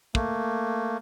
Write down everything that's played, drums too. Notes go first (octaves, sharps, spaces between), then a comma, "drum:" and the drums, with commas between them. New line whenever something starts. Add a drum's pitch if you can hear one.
A3 A#3, drum: kick